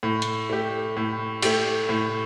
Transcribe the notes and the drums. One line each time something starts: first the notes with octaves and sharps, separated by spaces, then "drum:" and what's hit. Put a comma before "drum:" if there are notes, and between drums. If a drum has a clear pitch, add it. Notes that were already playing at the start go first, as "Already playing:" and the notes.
A2
drum: hi-hat
A3 G4
A2
A3 G4, drum: cymbal
A2